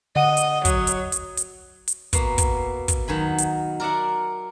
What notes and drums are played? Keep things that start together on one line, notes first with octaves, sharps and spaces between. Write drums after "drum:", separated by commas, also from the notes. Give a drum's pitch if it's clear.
D3 D#5 F#5 D#7
drum: hi-hat
F#3 D#6, drum: kick, hi-hat
drum: hi-hat
drum: hi-hat
drum: hi-hat
drum: hi-hat
B2 A#3, drum: kick, hi-hat
drum: kick, hi-hat
drum: kick, hi-hat
D#3 F#3 G#5 B5
drum: hi-hat
A#4 D5 E5 F#5